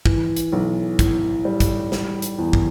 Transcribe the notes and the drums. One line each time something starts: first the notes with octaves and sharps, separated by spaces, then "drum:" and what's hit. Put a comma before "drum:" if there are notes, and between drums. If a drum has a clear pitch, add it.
E3, drum: kick
drum: hi-hat
B1
A2, drum: kick, hi-hat
G3
drum: kick, hi-hat
G3, drum: snare
drum: hi-hat
E2
drum: kick